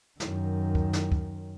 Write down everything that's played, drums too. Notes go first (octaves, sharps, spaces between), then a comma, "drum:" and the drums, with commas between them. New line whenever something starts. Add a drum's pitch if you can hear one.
F#2 D#3, drum: snare
drum: kick
drum: snare
drum: kick